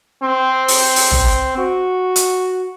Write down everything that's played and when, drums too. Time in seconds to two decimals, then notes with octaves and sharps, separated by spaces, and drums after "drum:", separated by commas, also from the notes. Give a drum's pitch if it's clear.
0.23 C4
0.68 drum: open hi-hat
0.96 drum: open hi-hat
1.11 drum: tom A1
1.58 F#4
2.16 drum: hi-hat